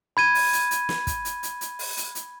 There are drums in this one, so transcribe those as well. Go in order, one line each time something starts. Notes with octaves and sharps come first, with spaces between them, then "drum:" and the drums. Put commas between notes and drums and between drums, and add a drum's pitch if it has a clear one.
B5 G#6 D#7
drum: open hi-hat
drum: hi-hat
drum: hi-hat
drum: snare
drum: kick, hi-hat
drum: hi-hat
drum: hi-hat
drum: hi-hat
drum: open hi-hat
drum: hi-hat
drum: hi-hat